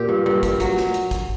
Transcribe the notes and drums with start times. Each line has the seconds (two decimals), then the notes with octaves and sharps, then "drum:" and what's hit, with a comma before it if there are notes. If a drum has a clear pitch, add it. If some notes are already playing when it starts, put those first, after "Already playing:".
Already playing: A#2 G4
0.09 G2
0.26 G2
0.43 G2, drum: kick, hi-hat
0.60 F#3, drum: hi-hat
0.77 drum: snare
0.94 drum: hi-hat
1.11 drum: kick, hi-hat